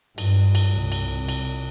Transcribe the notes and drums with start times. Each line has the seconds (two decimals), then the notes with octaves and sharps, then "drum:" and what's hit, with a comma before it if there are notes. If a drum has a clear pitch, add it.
0.18 G2, drum: cymbal
0.55 drum: cymbal
0.75 C2
0.92 drum: cymbal
1.28 drum: cymbal